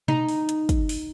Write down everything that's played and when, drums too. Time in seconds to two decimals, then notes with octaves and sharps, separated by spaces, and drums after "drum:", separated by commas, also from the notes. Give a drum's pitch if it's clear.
0.08 D#4, drum: tom B2
0.29 drum: open hi-hat
0.49 drum: hi-hat
0.69 drum: kick, hi-hat
0.89 drum: open hi-hat